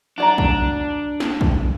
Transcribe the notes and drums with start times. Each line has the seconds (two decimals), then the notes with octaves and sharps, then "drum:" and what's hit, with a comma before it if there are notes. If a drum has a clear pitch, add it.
0.18 D4 F#4 D5 A#5
0.38 drum: kick
1.20 drum: snare
1.41 drum: kick